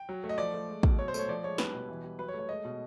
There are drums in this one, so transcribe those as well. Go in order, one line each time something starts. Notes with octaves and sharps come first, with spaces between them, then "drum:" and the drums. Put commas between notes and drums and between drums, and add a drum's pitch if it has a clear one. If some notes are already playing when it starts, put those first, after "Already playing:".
Already playing: G5
F#3
A3
D#5
F3 D5
A3
G#3
B2, drum: kick
F#3 C#5
C5
A3 C#5, drum: tambourine
F3 D5
G#3 C#5
G3 B4, drum: snare
B2
E3
G3
F#3 B4
C#5
A3
C#5
G#3 D#5
B2